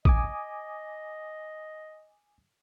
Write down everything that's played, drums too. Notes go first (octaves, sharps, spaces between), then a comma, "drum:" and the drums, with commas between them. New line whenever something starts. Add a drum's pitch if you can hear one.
D#5 G#5 D6 D#6, drum: kick A1